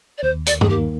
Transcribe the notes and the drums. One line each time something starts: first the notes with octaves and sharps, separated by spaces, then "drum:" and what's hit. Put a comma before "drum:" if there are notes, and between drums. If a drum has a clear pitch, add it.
D5
D#2 C5
D5, drum: hi-hat
G#4, drum: tom G2
D#3 A#3 G4